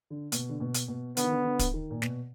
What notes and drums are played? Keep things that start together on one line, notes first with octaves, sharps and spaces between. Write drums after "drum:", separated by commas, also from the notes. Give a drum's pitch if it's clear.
D3
B2, drum: hi-hat
D3
B2
drum: hi-hat
B2
D3 B3, drum: hi-hat
D#3
D3
D3
drum: kick, hi-hat
D#3
A#2
B2, drum: snare